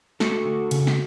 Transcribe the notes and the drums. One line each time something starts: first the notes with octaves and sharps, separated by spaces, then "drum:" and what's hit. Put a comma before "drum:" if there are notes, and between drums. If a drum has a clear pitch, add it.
A3 F#4 A4, drum: snare
D3
C#3, drum: cymbal
drum: snare